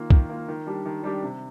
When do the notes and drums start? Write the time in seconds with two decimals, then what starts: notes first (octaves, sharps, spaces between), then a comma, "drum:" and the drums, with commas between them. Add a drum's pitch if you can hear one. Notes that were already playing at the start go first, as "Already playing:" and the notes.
Already playing: D#3 A#3 F4
0.10 D#3, drum: kick
0.29 A#3 F4
0.48 D#3
0.67 G3 D4 G4
0.85 D#3
1.03 G3 D4 G4
1.23 C3